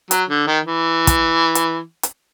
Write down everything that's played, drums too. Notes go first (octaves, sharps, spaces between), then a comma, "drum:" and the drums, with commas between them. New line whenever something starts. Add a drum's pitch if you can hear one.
F#3, drum: hi-hat
D3
D#3
E3
drum: kick, hi-hat
drum: hi-hat
drum: hi-hat